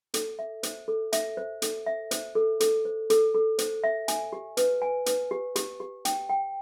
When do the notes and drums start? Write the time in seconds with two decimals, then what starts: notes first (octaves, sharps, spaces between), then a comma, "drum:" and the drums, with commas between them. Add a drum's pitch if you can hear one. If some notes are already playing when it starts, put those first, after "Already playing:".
0.14 A4, drum: hi-hat
0.39 E5
0.63 C5, drum: hi-hat
0.88 A4
1.13 E5, drum: hi-hat
1.37 C5
1.62 A4, drum: hi-hat
1.86 E5
2.11 C5, drum: hi-hat
2.35 A4
2.60 A4, drum: hi-hat
2.85 C5
3.10 A4, drum: hi-hat
3.35 A4
3.58 C5, drum: hi-hat
3.84 E5
4.08 G#5, drum: hi-hat
4.33 G4
4.57 B4, drum: hi-hat
4.82 G#5
5.06 B4, drum: hi-hat
5.31 G4
5.56 G4, drum: hi-hat
5.80 G4
6.05 G5, drum: hi-hat
6.29 G5